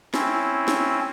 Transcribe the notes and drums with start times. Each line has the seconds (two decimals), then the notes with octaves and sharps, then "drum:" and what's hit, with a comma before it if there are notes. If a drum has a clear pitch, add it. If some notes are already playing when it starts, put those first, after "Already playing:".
0.14 C4 C#4 E4, drum: snare
0.68 drum: snare